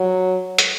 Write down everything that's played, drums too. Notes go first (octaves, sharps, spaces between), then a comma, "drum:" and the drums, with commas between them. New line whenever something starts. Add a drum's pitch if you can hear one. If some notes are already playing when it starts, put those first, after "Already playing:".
Already playing: F#3
drum: hi-hat